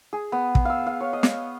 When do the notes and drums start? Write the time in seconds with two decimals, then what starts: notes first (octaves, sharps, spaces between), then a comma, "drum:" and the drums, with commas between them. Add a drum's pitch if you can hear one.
0.13 G#4
0.32 B3
0.55 drum: kick
0.65 F5 E6
0.86 F5
1.01 C#5
1.13 D#5
1.23 drum: snare